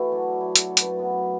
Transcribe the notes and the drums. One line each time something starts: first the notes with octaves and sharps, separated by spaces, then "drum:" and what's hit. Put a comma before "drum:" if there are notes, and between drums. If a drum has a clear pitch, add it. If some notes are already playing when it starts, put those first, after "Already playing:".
Already playing: E3 A3 E4 F#4 A4
F#3 D4
F#3 E4
drum: hi-hat
F#2 A4
B4, drum: hi-hat
A3 A4
F#3 B3 B4